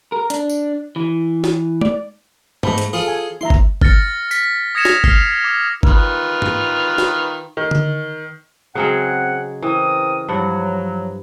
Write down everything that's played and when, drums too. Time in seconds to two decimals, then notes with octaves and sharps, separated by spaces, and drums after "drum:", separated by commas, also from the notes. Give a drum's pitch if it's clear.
0.12 A#4
0.30 D4, drum: hi-hat
0.50 drum: tambourine
0.96 E3
1.44 drum: snare
1.81 D5, drum: tom
2.63 G#2 A3 C5 B5, drum: tom G#2
2.78 drum: hi-hat
2.93 F4 G#4 A4
3.08 G#5
3.41 E4 E5 A#5 C6
3.50 drum: kick G1
3.82 F6 A6 A#6 C#7, drum: kick G1
4.31 B6, drum: tambourine
4.75 D#6 G#6 A#6 C#7 E7 F7
4.85 drum: snare
5.04 F6 C7 F7, drum: kick G1
5.44 D6
5.83 D#3 F4 B4, drum: kick G1
6.42 drum: tom G#2
6.98 drum: snare
7.57 D#3
7.71 drum: tom D3
8.75 C#3 F#3 G#3 C4 F#5
9.62 E3 C4 A#4 D#6
10.29 G2 F3 F#3 F#5